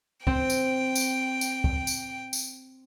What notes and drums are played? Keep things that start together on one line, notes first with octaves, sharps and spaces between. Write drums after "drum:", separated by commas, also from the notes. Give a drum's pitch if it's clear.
C4 G5, drum: kick
drum: tambourine
drum: tambourine
drum: tambourine
drum: kick
drum: tambourine
drum: tambourine